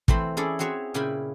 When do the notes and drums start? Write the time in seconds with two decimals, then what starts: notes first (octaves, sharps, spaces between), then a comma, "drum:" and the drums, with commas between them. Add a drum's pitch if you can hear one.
0.08 E3 A3 C4 C5 B5, drum: kick
0.37 C#4 E4 G#4 A4 D5
0.59 C4 F#4 G#4 C#5 E5
0.94 A#2 C#3 E4 G5 G#5 B5